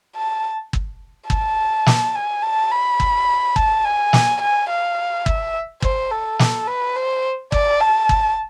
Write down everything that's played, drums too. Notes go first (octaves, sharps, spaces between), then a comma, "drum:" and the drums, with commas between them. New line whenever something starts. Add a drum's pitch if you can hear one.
A5
drum: kick
A5, drum: kick
drum: snare
G#5
A5
B5
drum: kick
A5, drum: kick
G#5
drum: snare
G#5
F5
E5, drum: kick
C5, drum: kick
A4
drum: snare
B4
C5
D5, drum: kick
A5
drum: kick